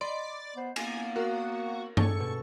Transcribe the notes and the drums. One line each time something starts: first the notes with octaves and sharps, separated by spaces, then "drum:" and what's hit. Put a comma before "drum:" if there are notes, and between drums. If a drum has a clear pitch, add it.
D5 D#5 B5 C6
B3 C5
A#3 B3 G#5, drum: cymbal
F#4 A#4 F5
C#4 G#4 A4 D5 C#6, drum: tom G2
B2